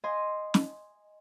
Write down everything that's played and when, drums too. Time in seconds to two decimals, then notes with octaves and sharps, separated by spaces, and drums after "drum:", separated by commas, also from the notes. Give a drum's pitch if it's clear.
0.04 D#5 G#5 C6
0.54 drum: snare